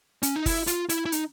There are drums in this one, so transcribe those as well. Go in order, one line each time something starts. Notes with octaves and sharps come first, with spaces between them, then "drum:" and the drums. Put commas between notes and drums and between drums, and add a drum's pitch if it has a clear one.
C#4, drum: hi-hat
D#4
E4, drum: kick F#1, open hi-hat
F4, drum: hi-hat
E4, drum: hi-hat
E4
D#4, drum: hi-hat